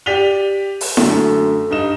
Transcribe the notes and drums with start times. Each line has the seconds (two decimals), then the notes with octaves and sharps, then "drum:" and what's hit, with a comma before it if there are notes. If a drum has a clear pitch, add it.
0.06 G4 D5 B6 D#7 F7 G7
0.81 drum: open hi-hat
0.97 F#2 D3 A3, drum: snare E4
1.70 G2 D#4 E7